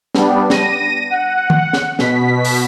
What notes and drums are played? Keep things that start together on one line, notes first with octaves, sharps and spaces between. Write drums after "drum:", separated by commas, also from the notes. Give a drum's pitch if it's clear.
G3 B3 D4, drum: snare
A#6 D#7, drum: snare
F#5
drum: tom D#3
drum: snare
B2 B6, drum: snare
drum: open hi-hat